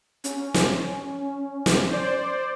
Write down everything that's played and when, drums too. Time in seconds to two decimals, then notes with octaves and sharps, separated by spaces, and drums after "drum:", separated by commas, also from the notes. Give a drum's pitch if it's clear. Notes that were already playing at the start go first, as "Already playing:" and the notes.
0.24 C#4, drum: hi-hat
0.54 drum: snare
1.66 drum: snare
1.91 C5 D5